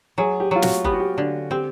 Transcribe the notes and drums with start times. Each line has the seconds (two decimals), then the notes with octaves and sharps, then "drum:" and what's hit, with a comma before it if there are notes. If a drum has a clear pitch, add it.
0.18 F#3 G#4
0.40 G4
0.51 F#3 F4
0.62 F#4, drum: snare
0.84 B3 G4, drum: kick F#1
0.93 F#4
1.00 G4
1.18 D3
1.51 C4 G4